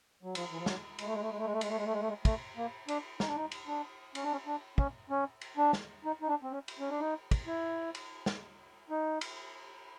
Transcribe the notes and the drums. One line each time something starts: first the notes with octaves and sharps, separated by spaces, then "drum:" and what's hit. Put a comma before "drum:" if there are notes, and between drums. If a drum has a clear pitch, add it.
F#3
F3, drum: cymbal
E3
F3
F#3, drum: snare
G#3, drum: cymbal
A3
G#3
A3
G#3
A3
G#3
A3
G#3, drum: cymbal
A3
G#3
A3
G#3
A3
G#3
A3, drum: kick, cymbal
A#3
D4, drum: cymbal
D#4, drum: snare
D4
D#4
drum: cymbal
D4
C#4, drum: cymbal
D4
C#4
D4
C#4, drum: kick
C#4
drum: cymbal
D4
drum: snare
D#4
D#4
D4
C4
C#4
drum: cymbal
C#4
D4
D#4
drum: kick, cymbal
E4
drum: cymbal
drum: snare
D#4
drum: cymbal